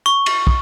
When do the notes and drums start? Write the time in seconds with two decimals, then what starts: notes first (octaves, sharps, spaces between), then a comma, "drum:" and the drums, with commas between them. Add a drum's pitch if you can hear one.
0.06 C#6
0.26 drum: cymbal
0.47 drum: kick